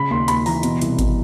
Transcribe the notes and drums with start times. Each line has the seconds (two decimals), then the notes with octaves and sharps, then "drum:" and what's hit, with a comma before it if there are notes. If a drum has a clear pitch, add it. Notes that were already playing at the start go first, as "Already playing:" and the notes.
Already playing: C#3 B5
0.11 D#2 C6
0.28 D#2 B5, drum: hi-hat
0.46 E3 A#5, drum: open hi-hat
0.63 B2, drum: hi-hat
0.82 C2, drum: hi-hat
0.99 B2, drum: kick G#1, hi-hat